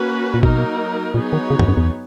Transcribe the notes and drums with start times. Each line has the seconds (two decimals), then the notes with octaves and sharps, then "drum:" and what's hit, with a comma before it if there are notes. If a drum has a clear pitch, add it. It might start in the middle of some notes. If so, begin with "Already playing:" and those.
Already playing: A#3 C#4 F#4 B4
0.34 A#2
0.43 B2 F#3 A#3 D#4 A#4, drum: kick G#1
1.14 A#2 F#3 B3 D#4 G#4 C#5
1.33 D#3
1.50 C#3
1.59 E2, drum: tom G2
1.68 F#2
1.77 E2